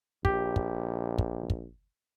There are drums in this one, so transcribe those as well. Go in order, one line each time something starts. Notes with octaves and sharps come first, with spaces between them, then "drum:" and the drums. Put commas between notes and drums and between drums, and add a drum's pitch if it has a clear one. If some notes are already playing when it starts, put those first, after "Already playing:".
A#1 G4, drum: kick
drum: kick
drum: kick
drum: kick